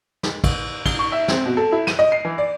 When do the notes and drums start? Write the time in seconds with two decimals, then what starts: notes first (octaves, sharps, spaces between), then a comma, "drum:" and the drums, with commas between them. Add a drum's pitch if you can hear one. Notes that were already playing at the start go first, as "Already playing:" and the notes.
0.23 drum: snare
0.44 drum: kick, cymbal
0.86 G7, drum: kick, cymbal
0.99 C#6
1.12 E5
1.28 C4, drum: snare
1.46 B2
1.57 A4
1.72 E4
1.87 D#7, drum: snare
1.99 D#5
2.12 C7
2.25 E3
2.38 D5